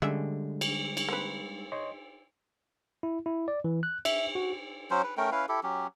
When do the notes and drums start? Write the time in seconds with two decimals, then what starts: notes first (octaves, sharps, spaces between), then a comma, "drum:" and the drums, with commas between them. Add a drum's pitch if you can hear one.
0.02 D3 G3 G#3 C#4 D4 E5
0.61 drum: cymbal
0.97 drum: cymbal
1.09 A#3 C4 B4
1.72 C#5 D#5 C6
3.03 E4
3.26 E4
3.48 D5
3.64 E3
3.83 F#6
4.05 E5, drum: cymbal
4.35 F#4
4.91 F#3 C#4 C5
5.04 B4
5.17 A3 C#4 A#4 G5
5.32 C#4 E4 B4 F5
5.49 E4 G4 A4
5.63 F#3 C#4 G4